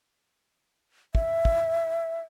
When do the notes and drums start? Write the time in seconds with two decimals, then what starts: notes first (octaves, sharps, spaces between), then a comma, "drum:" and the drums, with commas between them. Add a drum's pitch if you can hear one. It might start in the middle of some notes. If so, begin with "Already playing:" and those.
1.15 E5, drum: kick
1.45 drum: kick